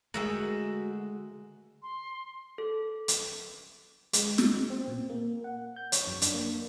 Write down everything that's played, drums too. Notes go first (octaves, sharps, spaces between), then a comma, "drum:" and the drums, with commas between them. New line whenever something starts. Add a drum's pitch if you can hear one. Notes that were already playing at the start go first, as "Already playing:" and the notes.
D3 G#3 A3 F#4 G#4 A#4 E5 G5
C6
A4
drum: hi-hat
G#3, drum: hi-hat
drum: snare
C4
A#2
A#3
F#5
G6
C#5, drum: hi-hat
F#2
D4, drum: hi-hat
A#3